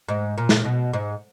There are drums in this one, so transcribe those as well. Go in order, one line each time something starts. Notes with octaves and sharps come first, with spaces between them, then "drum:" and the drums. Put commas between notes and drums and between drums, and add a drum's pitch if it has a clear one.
G#2
A#2
drum: snare
B2
G#2